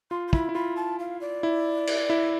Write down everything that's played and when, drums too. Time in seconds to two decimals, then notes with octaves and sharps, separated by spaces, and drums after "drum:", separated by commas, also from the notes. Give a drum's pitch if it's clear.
0.11 F4 C6
0.27 C6
0.33 E4 B5, drum: kick
0.49 E4
0.54 F4 B5
0.76 A5
0.99 F5
1.21 D5
1.43 E4
1.87 drum: cymbal
2.10 E4